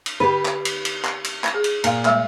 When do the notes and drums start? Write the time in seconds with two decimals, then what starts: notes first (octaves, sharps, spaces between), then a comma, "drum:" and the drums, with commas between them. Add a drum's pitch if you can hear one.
0.06 drum: cymbal
0.20 D3 G4 B4
0.45 drum: clap
0.65 drum: cymbal
0.85 drum: cymbal
1.05 drum: clap
1.24 drum: cymbal
1.44 drum: clap
1.54 G#4
1.64 drum: cymbal
1.84 A#2 F5 A#5, drum: cymbal
2.05 G3 G#3, drum: clap